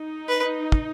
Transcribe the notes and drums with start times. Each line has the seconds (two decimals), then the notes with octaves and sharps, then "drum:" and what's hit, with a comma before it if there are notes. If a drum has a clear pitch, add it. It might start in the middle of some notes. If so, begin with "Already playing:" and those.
Already playing: D#4
0.29 B4
0.72 drum: kick